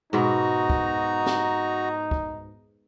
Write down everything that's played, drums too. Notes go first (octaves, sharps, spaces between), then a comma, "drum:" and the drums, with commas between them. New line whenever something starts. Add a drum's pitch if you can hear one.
G#2 B2 D#4 F#4 A#5
drum: kick
drum: snare
drum: kick